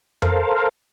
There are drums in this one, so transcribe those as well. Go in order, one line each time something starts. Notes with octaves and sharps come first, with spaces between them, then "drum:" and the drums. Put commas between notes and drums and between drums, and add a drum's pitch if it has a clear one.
A4 A#4 C5 F5, drum: tom F2